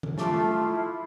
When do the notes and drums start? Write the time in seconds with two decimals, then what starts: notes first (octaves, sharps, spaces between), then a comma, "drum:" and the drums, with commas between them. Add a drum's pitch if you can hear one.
0.03 drum: tom D#3
0.18 A3 F4 A5 D6, drum: snare
0.66 E4